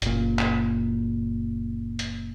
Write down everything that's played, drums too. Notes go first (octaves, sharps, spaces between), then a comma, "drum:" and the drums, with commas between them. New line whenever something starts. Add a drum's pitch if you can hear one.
F#1 A#2, drum: hi-hat
drum: clap
drum: hi-hat